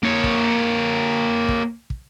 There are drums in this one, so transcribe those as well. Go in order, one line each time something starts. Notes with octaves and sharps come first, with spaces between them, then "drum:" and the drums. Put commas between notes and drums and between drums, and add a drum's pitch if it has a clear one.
A#3 C#5
drum: kick
drum: kick
drum: kick